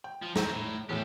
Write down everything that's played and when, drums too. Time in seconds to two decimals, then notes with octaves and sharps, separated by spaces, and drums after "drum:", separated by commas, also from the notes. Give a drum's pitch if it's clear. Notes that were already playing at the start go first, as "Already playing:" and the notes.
0.04 G5
0.22 F3
0.36 F#3 C4 A#5, drum: snare
0.52 A2
0.89 E2 A2 G4 A4